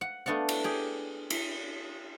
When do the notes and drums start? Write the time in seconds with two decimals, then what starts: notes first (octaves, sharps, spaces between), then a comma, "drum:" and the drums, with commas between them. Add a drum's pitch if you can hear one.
0.01 F#5
0.26 A3 B3 D4 F5 F#5
0.49 drum: cymbal
0.64 G4 G#4
1.30 drum: cymbal